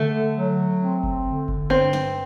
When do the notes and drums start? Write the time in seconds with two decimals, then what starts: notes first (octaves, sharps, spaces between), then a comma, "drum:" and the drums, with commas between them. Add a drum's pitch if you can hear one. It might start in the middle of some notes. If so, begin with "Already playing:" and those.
Already playing: D3 A3
0.36 F#3
0.81 C4
1.03 drum: kick F#1
1.26 D3
1.48 drum: kick F#1
1.70 G2 C4
1.93 drum: snare